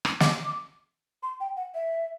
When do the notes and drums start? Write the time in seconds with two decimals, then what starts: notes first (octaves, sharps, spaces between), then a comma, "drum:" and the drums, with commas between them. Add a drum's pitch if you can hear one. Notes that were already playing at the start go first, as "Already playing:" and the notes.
0.05 drum: rim click
0.20 D6, drum: snare
1.23 C6
1.40 G5
1.57 F#5
1.75 E5